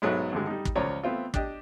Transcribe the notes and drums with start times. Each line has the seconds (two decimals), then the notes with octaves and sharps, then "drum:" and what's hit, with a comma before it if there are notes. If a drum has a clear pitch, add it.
0.02 B1 G#2 F#3 G#3 A3 B3
0.32 G#1 G2 D3 G#3
0.47 G3 D#4
0.65 drum: kick
0.76 C#2 F3 C#5 D5 A#5
1.03 A3 B3 C4 F4
1.34 D4 G4 D#5, drum: kick